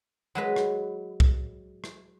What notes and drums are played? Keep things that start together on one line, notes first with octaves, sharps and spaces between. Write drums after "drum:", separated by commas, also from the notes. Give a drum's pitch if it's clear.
F#3 G#3 B4
drum: rim click
drum: kick
drum: rim click